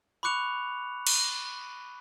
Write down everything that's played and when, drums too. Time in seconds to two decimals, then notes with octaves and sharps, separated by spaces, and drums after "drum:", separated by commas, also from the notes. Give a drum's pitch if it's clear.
0.23 B5 C#6 D6 F#6 C#7 F7
1.07 drum: cymbal